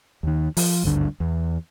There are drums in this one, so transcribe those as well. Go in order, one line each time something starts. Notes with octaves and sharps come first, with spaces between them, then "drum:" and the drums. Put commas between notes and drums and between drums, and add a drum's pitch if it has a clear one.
D#2 D#3
F3, drum: open hi-hat
G#1 D2 G2 D3
E2